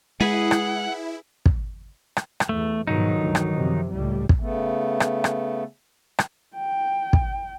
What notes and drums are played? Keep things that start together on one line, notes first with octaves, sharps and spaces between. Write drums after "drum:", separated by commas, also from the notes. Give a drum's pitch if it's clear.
G#3 E4 G#4 B4 F#5
drum: rim click
drum: kick
drum: rim click
drum: rim click
E2 A3
G#2 B2 D#3 F3 F#3 D#4
D2 G2
drum: rim click
F#2 C3 F3
C#2 A2 G3
drum: kick
C#3 A3 B3
drum: rim click
drum: rim click
drum: rim click
G5
drum: kick